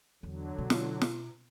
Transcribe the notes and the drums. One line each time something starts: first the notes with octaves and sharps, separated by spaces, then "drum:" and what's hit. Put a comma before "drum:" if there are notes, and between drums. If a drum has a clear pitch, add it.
E2 D3 F#3
B2
drum: snare
drum: snare